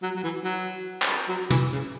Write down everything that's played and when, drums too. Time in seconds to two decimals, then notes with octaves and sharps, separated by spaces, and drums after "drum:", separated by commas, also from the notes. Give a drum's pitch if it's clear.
0.03 F#3
0.16 F#3
0.23 E3
0.44 F#3
1.02 drum: clap
1.29 F#3
1.50 E3, drum: tom
1.72 C#3